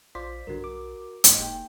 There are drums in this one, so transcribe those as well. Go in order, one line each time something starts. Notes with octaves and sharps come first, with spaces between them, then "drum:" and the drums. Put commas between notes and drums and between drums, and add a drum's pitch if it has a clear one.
A#1 F4 C5 D5 B6
B1 G2 D3 F#4 A#4
D6
C2 G#2 G#3 A#3, drum: hi-hat
F1 G4